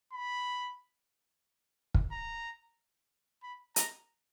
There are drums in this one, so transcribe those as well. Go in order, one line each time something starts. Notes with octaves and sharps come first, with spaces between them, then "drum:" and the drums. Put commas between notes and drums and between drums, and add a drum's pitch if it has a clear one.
B5
drum: kick
A#5
B5
A#5, drum: hi-hat